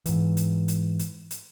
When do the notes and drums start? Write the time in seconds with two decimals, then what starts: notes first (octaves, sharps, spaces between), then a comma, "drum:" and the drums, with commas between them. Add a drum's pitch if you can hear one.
0.06 G#2 E3, drum: hi-hat
0.37 drum: hi-hat
0.68 drum: hi-hat
0.99 drum: hi-hat
1.31 drum: hi-hat